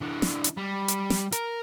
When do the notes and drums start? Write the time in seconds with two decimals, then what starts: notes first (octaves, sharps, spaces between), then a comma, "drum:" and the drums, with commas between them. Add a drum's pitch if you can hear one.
0.01 E3 D4
0.22 drum: snare
0.44 drum: hi-hat
0.57 G3
0.88 drum: hi-hat
1.10 drum: snare
1.32 A#4, drum: hi-hat